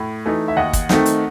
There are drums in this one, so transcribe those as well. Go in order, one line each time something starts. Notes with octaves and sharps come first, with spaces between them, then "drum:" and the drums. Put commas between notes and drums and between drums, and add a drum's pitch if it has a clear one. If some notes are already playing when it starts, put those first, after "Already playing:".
Already playing: A2
E3 A3 D#4
E5
D#2 D#5 F#5
drum: kick, hi-hat
D#3 A3 C4 D#4, drum: snare
drum: hi-hat